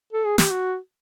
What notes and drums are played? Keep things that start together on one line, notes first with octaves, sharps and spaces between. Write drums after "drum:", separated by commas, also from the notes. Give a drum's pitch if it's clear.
A4
G#4
G4, drum: snare
F#4